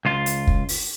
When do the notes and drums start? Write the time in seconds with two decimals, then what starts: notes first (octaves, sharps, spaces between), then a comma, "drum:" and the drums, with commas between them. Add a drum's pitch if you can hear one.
0.05 C#2 F4
0.26 drum: hi-hat
0.47 drum: kick
0.69 drum: open hi-hat